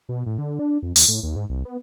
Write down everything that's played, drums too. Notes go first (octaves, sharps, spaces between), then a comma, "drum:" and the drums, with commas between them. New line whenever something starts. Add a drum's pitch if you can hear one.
B2
A2
D3
D4
F2
D#2, drum: open hi-hat
A2
D#2
G#2
C2
B3